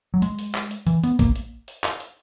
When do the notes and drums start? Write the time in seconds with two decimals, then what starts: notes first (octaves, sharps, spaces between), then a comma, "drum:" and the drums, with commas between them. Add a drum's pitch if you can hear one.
0.14 F#3
0.22 G#3, drum: hi-hat
0.39 drum: open hi-hat
0.55 drum: clap
0.71 drum: hi-hat
0.87 E3, drum: hi-hat
1.04 B3, drum: hi-hat
1.19 A#3, drum: kick A#1, hi-hat
1.36 drum: hi-hat
1.68 drum: open hi-hat
1.84 drum: clap
2.00 drum: hi-hat